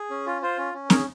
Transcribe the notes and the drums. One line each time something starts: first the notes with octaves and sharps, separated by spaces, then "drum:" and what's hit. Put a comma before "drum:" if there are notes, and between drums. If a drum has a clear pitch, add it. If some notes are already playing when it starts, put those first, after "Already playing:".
Already playing: G#4
C#4
F4
F4 C5
C#4
C#4
G#4 A#4 C#5, drum: snare